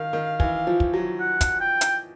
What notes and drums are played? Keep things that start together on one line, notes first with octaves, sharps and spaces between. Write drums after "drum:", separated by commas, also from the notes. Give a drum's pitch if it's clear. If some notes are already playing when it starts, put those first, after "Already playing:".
Already playing: D#3 F5
D#3
E3, drum: kick
F3
drum: kick
F#3
F#5
drum: kick, hi-hat
G5
drum: hi-hat